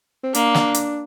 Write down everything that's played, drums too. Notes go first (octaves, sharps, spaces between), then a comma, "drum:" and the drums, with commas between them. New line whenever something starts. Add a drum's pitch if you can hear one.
C4
A#3 D4, drum: hi-hat
drum: snare
drum: hi-hat